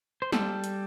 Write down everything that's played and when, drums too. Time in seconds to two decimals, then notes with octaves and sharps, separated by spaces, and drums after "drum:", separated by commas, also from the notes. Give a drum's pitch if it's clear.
0.22 C5
0.32 G3 A4, drum: snare
0.64 drum: hi-hat